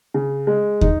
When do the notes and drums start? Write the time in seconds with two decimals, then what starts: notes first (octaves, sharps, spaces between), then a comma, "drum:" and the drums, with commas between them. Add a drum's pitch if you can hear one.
0.14 C#3
0.47 G#3
0.81 D#4, drum: kick